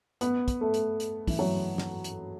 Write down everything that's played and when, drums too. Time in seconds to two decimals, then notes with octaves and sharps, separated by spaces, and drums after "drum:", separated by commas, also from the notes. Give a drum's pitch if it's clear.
0.21 B3, drum: hi-hat
0.48 drum: kick, hi-hat
0.61 A3
0.74 drum: hi-hat
1.00 drum: hi-hat
1.28 E3, drum: kick, open hi-hat
1.39 F#3
1.78 drum: snare
2.04 drum: hi-hat